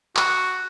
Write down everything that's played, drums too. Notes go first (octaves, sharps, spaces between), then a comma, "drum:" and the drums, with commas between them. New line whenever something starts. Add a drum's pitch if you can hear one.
F#4, drum: clap